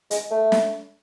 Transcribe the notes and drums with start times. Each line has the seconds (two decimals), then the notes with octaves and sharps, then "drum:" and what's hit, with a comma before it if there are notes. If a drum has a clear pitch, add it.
0.11 G#3, drum: hi-hat
0.31 A3
0.52 drum: snare